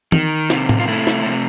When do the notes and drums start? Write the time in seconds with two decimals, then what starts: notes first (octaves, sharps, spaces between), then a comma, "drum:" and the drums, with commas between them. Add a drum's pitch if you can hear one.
0.12 D#3, drum: tom E3
0.50 C3, drum: snare
0.69 drum: tom A2
0.80 F4
0.88 A3 E4
1.07 drum: snare
1.26 C3